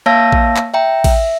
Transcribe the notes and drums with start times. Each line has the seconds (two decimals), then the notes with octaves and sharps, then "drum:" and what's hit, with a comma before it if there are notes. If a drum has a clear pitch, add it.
0.06 A#3 C#5 F5 A5 E6 A#6
0.32 drum: kick A1
0.56 drum: clap
0.74 E5 G5 A#5
1.04 E5, drum: kick A1, cymbal